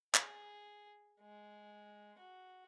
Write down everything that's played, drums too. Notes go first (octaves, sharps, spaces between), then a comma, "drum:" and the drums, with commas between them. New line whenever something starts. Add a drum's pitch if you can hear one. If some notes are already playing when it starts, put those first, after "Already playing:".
G#4, drum: clap
G#3
F#4